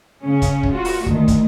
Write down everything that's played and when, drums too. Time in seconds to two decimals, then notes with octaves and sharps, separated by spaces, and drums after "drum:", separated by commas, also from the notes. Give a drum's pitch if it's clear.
0.23 C#3 C#4
0.42 drum: kick, hi-hat
0.63 drum: kick
0.72 F4 F#4
0.85 drum: open hi-hat
1.06 D2 D#3, drum: kick
1.28 drum: kick, hi-hat